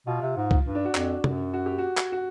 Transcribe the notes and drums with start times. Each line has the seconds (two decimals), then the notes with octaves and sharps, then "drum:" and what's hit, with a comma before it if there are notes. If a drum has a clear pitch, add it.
0.07 B2 F4
0.22 C3
0.37 G#2
0.51 drum: kick C#2
0.66 G2
0.75 D4
0.85 F#4
0.95 F2, drum: clap
1.24 F#2, drum: tom
1.54 F#4
1.66 G4
1.78 F#4
1.97 drum: clap
2.12 F#4